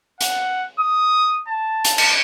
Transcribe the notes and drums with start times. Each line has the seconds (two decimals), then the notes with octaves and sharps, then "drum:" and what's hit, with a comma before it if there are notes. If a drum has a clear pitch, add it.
0.21 F#5, drum: hi-hat
0.80 D#6
1.48 A5
1.84 drum: hi-hat
1.98 drum: cymbal